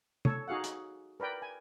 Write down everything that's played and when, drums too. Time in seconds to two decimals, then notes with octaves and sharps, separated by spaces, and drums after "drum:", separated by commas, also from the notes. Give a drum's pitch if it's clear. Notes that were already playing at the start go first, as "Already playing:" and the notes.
0.25 A4 C#5, drum: tom
0.48 D#4 F#4 G#4 F5 F#5
0.64 drum: hi-hat
1.20 A#4 B4 D5 G5
1.42 G#5